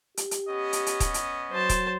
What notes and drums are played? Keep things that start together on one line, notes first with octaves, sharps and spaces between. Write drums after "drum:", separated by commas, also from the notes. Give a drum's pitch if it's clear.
G4, drum: hi-hat
drum: hi-hat
B3 C#4 D#5
drum: hi-hat
drum: hi-hat
drum: kick D#1, hi-hat
drum: hi-hat
F#3 C5 A5
drum: kick D#1, hi-hat